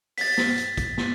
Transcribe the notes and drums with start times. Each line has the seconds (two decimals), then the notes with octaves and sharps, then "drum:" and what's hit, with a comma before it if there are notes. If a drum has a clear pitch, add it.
0.18 A6 B6, drum: open hi-hat
0.38 drum: snare
0.58 drum: hi-hat
0.77 drum: kick, hi-hat
0.97 drum: snare